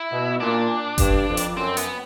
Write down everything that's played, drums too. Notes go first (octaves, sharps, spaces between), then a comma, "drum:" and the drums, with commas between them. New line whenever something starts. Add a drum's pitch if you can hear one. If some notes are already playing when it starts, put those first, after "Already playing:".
Already playing: E4
B2
A#2 D4
G2, drum: kick F#1, hi-hat
F2
drum: hi-hat
F#2 C4
B3, drum: hi-hat